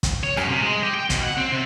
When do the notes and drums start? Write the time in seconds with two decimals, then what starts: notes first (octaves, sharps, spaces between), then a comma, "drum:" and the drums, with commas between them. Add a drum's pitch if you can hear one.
0.03 drum: kick, hi-hat
0.24 C#5
0.37 F#2, drum: rim click
0.49 C3
0.62 G#3
0.83 G4
0.95 G5
1.10 B2, drum: kick, hi-hat
1.23 F#5
1.37 C4
1.52 C3